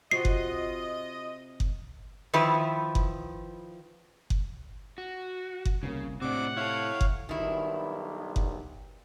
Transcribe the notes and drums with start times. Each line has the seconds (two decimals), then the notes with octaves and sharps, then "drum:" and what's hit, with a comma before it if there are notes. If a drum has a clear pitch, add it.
0.11 C3 F4 F#4 D#5 C7
0.25 drum: kick F#1
1.60 drum: kick F#1
2.33 D#3 F3 E4 B4
2.95 drum: kick F#1
4.30 drum: kick F#1
4.98 F#4
5.65 drum: kick F#1
5.83 C2 C#3 E3 A#3
6.22 A2 C3 C4 D4 F#5 D6
6.57 E4 A4 C#5 F5
7.01 drum: kick F#1
7.29 B1 G2 D#3 E4
8.36 drum: kick F#1